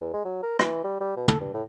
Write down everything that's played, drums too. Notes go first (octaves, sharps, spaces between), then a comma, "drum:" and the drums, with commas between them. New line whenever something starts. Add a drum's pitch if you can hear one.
E2
G#3
F#3
A#4
E3, drum: rim click
G3
G3
B2
A4, drum: tom
G2
A2